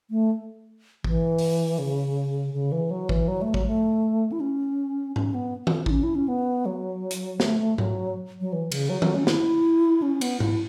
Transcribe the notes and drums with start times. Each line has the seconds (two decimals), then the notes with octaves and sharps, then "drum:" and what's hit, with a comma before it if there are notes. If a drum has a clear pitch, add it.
0.11 A3
1.04 E3, drum: kick A1
1.39 drum: open hi-hat
1.79 C#3
2.54 C#3
2.72 E3
2.91 F#3
3.09 E3, drum: kick A1
3.28 F#3
3.42 A3
3.54 F#3, drum: kick A1
3.66 A3
4.32 E4
4.40 C#4
5.16 C#4, drum: tom G#2
5.34 B3
5.67 drum: tom D#3
5.86 E4, drum: kick A1
5.91 C#4
6.03 E4
6.15 C#4
6.28 B3
6.66 F#3
7.11 drum: hi-hat
7.40 A3, drum: snare
7.78 F#3, drum: tom G#2
8.41 F#3
8.53 E3
8.72 C#3, drum: cymbal
8.89 F#3
9.02 F#3, drum: tom D#3
9.15 C#4
9.27 E4, drum: snare
10.02 C#4
10.21 B3, drum: cymbal
10.40 E4, drum: tom G#2